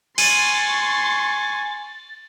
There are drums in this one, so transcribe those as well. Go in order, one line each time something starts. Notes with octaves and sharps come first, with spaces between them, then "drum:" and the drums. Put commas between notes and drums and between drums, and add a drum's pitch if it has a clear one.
G#5 C6 C#6 A6 D#7, drum: cymbal